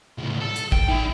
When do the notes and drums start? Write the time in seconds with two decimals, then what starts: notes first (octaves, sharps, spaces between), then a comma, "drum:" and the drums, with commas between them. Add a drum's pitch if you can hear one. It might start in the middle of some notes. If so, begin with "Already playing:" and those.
0.18 C#2 A2
0.40 A4
0.56 drum: hi-hat
0.72 G5, drum: kick A1
0.89 D#4 E5